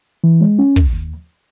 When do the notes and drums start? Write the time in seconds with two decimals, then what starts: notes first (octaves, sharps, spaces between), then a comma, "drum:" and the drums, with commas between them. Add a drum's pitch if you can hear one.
0.24 E3
0.41 G#3
0.59 C#4
0.76 D#2, drum: kick
0.93 D#2